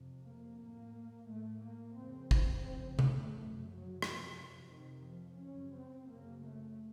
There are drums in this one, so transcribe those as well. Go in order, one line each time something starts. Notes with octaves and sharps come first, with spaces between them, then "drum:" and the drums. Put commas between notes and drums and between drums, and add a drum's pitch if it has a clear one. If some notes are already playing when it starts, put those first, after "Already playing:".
Already playing: F2 C3
A#3
A2 A#3
A2 A3
A#3
F2 C#3 C4
C4, drum: kick
F2 C#3
A3, drum: tom C3
F#2 C#3
F#3
F2 C3 F3, drum: rim click
F2 C3 D#3
F3
F#2 C#3 C#4
C4
F#2 C#3 A#3
A3